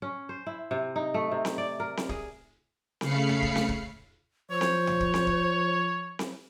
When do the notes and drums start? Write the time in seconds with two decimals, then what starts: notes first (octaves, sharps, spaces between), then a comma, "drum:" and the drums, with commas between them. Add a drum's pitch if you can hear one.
0.02 C#4
0.29 C5
0.47 E4
0.71 C3
0.96 D#4
1.14 A3
1.32 C3
1.45 drum: snare C4
1.58 D5
1.80 A#4
1.97 drum: snare C4
2.09 G#4, drum: kick D1
3.01 C#3 A3 F5 B5 C7 C#7, drum: snare C4
3.29 drum: tom
3.42 drum: kick D1
3.56 drum: snare C4
3.69 drum: kick D1
4.51 F3 C5 C#5
4.61 drum: snare C4
4.87 drum: tom
5.00 drum: kick D1
5.14 drum: snare C4
5.27 drum: kick D1
6.19 drum: snare C4